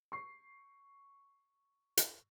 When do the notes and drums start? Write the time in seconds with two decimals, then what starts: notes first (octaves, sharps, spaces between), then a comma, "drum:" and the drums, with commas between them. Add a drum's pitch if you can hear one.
0.12 C#6 C7
1.97 drum: hi-hat